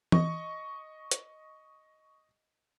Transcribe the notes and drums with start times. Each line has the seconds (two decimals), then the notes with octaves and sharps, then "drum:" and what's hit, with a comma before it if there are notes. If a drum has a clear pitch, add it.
0.12 D#5 C#6, drum: tom E3
1.11 drum: hi-hat